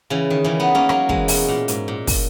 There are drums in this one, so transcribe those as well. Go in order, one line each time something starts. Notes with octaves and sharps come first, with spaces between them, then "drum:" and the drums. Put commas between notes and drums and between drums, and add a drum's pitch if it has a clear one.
C#3 E3
D#3
C#3 E3
B3 D#4
A#3 C#4
F#3 A#3, drum: rim click
E3 G#3, drum: kick
B2, drum: open hi-hat
A#2
G#2, drum: hi-hat
A#2
drum: kick, open hi-hat